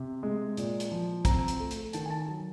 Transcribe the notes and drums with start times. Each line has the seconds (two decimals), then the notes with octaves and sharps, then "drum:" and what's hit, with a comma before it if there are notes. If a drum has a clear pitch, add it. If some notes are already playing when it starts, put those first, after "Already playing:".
Already playing: C3
0.23 G#3
0.57 A#2, drum: hi-hat
0.80 drum: hi-hat
0.92 F3
1.25 C4 A#5, drum: kick, hi-hat
1.48 drum: hi-hat
1.60 A3
1.71 drum: hi-hat
1.93 D#3 A5, drum: hi-hat
2.06 G#5
2.10 A5
2.28 F#3